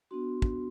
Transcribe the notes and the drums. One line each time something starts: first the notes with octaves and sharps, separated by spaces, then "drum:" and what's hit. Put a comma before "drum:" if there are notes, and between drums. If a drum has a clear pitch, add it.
B3 D4 F#4 C6
drum: kick